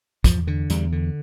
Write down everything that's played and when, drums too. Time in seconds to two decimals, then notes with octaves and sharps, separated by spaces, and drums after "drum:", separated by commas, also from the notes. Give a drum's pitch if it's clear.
0.24 E2 F3, drum: kick, hi-hat
0.47 D3
0.70 E2 G3, drum: hi-hat
0.92 D3